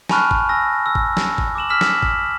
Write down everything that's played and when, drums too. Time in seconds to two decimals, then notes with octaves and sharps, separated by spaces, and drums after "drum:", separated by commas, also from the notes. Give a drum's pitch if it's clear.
0.09 G#5 A5 B5 C#6 F6 F#6, drum: snare
0.31 drum: kick G1
0.49 G#5 E6 A#6
0.86 E6
0.95 drum: kick G1
1.17 drum: snare
1.38 drum: kick G1
1.55 D6 E6 E7 F#7
1.69 E6 F6 B6 E7 F#7
1.81 drum: snare
2.03 drum: kick G1